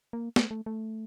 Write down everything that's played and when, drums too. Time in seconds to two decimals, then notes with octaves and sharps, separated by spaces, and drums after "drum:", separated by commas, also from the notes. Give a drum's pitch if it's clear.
0.13 A#3
0.36 A3, drum: snare
0.51 A3
0.66 A3